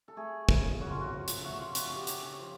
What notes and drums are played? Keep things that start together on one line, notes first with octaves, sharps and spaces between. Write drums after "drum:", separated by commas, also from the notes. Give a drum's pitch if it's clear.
A4
A3 G#4
C#3, drum: kick
C#3 F#4
F4
F#4
F3
drum: hi-hat
A3 F#4
F4
C#3 F#4, drum: hi-hat
G4
C#3, drum: hi-hat
F3